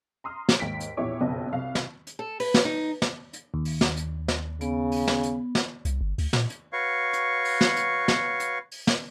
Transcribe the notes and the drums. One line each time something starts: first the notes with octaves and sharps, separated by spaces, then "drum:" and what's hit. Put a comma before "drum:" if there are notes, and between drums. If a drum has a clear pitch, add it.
A#5 C6 D#6 F6
drum: snare
D#2 G#2 B6 D7
drum: hi-hat
A#1 E2 E4 G4 C#5 D6
F#1 B1 F2 B3 D#5
C2 F5
drum: snare
drum: hi-hat
A4
B4, drum: open hi-hat
drum: snare
D#4
drum: snare
drum: hi-hat
D#2
drum: open hi-hat
drum: snare
drum: hi-hat
drum: snare
C#3 B3, drum: hi-hat
drum: open hi-hat
drum: snare
drum: hi-hat
drum: snare
C2, drum: hi-hat
G1
D2, drum: open hi-hat
A#2, drum: snare
drum: hi-hat
F#4 B4 C#5 F5 C#6
drum: hi-hat
drum: open hi-hat
drum: snare
drum: hi-hat
drum: snare
drum: hi-hat
drum: open hi-hat
drum: snare